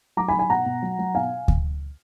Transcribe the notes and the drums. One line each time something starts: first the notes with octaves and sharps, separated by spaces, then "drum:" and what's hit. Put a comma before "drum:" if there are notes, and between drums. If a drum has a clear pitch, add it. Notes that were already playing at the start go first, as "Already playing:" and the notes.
F#3 A#5 D6
G#5 B5
F#3
G#5 B5
B2 F#5 A#5
B2
F#3
F#3
B2 F5 G#5
drum: kick D2